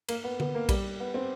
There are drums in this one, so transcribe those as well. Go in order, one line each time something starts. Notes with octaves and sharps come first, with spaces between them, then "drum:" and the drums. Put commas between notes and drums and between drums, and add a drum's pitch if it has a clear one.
A#3, drum: cymbal
B3
B3, drum: tom D3
A#3
G3, drum: kick A#1, cymbal
B3
C4